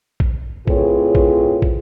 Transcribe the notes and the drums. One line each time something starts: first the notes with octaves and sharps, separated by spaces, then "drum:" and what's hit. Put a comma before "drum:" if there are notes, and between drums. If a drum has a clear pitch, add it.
drum: kick
A2 C4 F4 G#4 B4 C#5, drum: kick
drum: kick
drum: kick